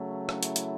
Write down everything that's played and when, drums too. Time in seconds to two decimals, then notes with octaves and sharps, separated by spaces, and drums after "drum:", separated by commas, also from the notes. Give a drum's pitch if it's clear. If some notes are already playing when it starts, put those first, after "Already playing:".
Already playing: C#3 F#3 A3
0.29 E4, drum: rim click
0.43 drum: hi-hat
0.56 drum: hi-hat